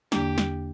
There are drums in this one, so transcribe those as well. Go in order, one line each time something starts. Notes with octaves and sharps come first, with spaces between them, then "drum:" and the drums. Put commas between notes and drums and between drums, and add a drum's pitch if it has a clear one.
E2 D3 A#3 D4 G4, drum: snare
drum: snare